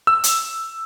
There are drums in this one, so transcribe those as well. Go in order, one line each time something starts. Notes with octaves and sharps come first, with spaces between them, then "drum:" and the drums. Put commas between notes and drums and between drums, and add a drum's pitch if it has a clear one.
E6
drum: hi-hat